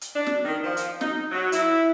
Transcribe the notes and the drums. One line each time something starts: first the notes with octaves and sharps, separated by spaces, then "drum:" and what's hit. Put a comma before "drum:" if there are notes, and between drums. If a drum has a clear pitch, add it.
drum: hi-hat
D4
drum: snare
D#3
F3
drum: hi-hat
D#4, drum: snare
F#3
E4, drum: hi-hat